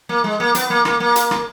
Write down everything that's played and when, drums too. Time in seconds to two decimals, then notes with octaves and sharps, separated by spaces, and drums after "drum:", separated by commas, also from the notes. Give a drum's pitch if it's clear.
0.09 A#3
0.24 G#3
0.40 A#3
0.55 B3, drum: hi-hat
0.70 A#3
0.85 A#3, drum: rim click
1.00 A#3
1.16 drum: hi-hat
1.31 drum: rim click